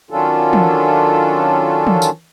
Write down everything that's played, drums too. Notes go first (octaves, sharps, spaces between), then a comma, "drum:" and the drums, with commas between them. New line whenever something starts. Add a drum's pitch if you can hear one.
D#3 F#3 C#4 D4 F4 A4
drum: tom
drum: tom
drum: tambourine